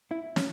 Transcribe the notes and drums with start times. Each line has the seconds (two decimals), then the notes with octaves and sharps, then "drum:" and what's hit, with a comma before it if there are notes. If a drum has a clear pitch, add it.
0.11 E4
0.36 C#4, drum: snare